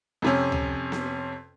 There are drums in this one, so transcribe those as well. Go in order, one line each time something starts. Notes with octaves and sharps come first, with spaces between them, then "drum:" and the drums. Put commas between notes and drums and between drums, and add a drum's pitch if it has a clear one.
F2 C3 C#4
drum: tom C#2
drum: snare B3